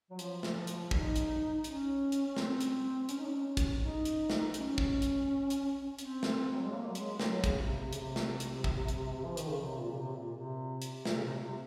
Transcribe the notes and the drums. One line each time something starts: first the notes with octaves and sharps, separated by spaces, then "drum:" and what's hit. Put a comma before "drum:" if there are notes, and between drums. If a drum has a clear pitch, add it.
F#3
F3, drum: hi-hat
drum: snare
drum: hi-hat
D#4, drum: kick
drum: hi-hat
C#4, drum: hi-hat
drum: hi-hat
C#4
C4, drum: snare
drum: hi-hat
C#4, drum: hi-hat
D#4
C#4
drum: kick, hi-hat
D#4
drum: hi-hat
drum: snare
C#4, drum: hi-hat
drum: kick
drum: hi-hat
drum: hi-hat
C4, drum: hi-hat
drum: snare
F#3
G#3
A#3
F#3
G#3, drum: hi-hat
F#3, drum: snare
C#3, drum: kick, hi-hat
C3
C3
C#3, drum: hi-hat
C3
drum: snare
drum: hi-hat
drum: kick
drum: hi-hat
F3
D#3, drum: hi-hat
C#3
C3
A#2
C#3
C3
A#2
C3
drum: hi-hat
A#2, drum: snare
C#3
C3
C3